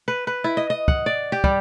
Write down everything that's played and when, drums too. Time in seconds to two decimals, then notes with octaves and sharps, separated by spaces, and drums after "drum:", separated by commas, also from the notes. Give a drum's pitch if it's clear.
0.08 B4
0.27 B4
0.44 E4
0.57 D#5
0.70 D#5
0.88 F#5, drum: kick
1.06 D5
1.32 G4
1.44 G3, drum: kick